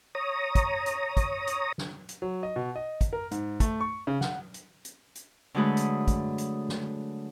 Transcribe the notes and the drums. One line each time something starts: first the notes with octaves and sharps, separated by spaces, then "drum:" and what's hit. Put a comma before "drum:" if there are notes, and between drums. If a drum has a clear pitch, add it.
C#5 A#5 D#6
drum: kick, hi-hat
drum: hi-hat
drum: kick, hi-hat
drum: hi-hat
drum: snare
drum: hi-hat
F#3
D#5
B2
D#5
drum: kick, hi-hat
A#4
G#2, drum: hi-hat
A3, drum: kick, hi-hat
C#6
C#3
F#5, drum: snare
drum: hi-hat
drum: hi-hat
drum: hi-hat
D3 F#3 G#3 A3 G#4 B4
drum: hi-hat
drum: kick, hi-hat
drum: hi-hat
drum: snare